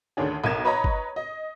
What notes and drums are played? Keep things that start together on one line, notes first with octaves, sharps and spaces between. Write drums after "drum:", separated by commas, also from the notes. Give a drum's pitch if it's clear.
D2 D#3 C#4 D4 G#4
B1 A#4 G#6 E7
B4 C#5 D#5 A#5 B5
drum: kick G1
D#5